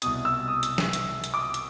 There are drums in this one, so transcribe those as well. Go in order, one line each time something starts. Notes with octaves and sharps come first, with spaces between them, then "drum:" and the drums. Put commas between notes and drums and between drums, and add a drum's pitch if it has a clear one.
C2 B2 D#6, drum: hi-hat
E6
D#6
drum: hi-hat
drum: snare
drum: hi-hat
drum: hi-hat
D6
D#6
drum: hi-hat